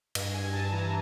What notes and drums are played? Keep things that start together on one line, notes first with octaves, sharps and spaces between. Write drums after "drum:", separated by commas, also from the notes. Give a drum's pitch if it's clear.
G2, drum: cymbal
G2 G#5
G2 A5
E3 A#5